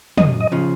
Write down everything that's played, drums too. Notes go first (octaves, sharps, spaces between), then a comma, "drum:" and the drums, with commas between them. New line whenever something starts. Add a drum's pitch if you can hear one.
F#2 D#5, drum: tom
D#5
C#3 F3